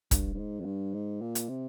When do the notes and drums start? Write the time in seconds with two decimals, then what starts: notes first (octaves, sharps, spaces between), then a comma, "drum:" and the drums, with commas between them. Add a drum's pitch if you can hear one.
0.11 G2, drum: kick, hi-hat
0.34 G2
0.39 G#2
0.60 F2
0.65 G2
0.94 G#2
1.21 A#2
1.35 drum: hi-hat
1.49 C3